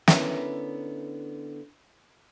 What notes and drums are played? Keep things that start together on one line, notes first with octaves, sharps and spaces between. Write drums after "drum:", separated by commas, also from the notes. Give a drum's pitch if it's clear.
D3 B3 C#4 D4 E4 A#4, drum: snare